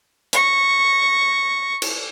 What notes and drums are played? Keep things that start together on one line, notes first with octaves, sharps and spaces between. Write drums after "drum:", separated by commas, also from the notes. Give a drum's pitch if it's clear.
C#6 A#6, drum: hi-hat
drum: cymbal